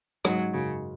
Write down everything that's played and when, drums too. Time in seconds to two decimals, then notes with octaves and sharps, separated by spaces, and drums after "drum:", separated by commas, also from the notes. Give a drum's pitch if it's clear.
0.25 G#2 F#3 G#3, drum: rim click
0.54 F#2 C#3 F#3